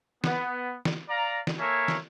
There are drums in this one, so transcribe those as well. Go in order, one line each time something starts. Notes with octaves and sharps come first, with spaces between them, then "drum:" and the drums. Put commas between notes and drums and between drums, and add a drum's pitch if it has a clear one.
B3, drum: snare
drum: snare
D5 F5 A#5
drum: snare
A#3 A4 C#5 E5 G#5
drum: snare